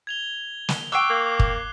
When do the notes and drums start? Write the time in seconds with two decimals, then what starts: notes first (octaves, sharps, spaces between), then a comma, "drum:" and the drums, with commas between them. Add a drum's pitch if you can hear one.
0.07 G#6 F7 G7
0.69 drum: snare
0.92 G5 C#6 D6 E6 F#6 C7
1.10 A#3
1.39 drum: kick